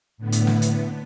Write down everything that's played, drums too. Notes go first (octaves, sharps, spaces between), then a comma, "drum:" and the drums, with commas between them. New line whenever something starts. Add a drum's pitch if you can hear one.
A2 D3 B3
drum: hi-hat
drum: snare
drum: hi-hat